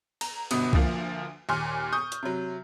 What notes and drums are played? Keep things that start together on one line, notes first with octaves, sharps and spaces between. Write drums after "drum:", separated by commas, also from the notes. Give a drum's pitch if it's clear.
A#5, drum: cymbal
G1 B2 B3 D#6, drum: cymbal
D2 F3 A#3, drum: kick
D#2 A#2 G#5 C6 F6
C#6 D#6 G6
drum: hi-hat
C3 F#3